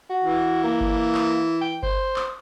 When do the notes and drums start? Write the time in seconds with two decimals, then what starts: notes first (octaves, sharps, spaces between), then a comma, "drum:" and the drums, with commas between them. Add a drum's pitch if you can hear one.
0.10 F#4
0.24 E3
0.64 A#3
0.81 drum: kick G1
1.15 drum: clap
1.61 G5
1.83 C5, drum: kick G1
2.16 drum: clap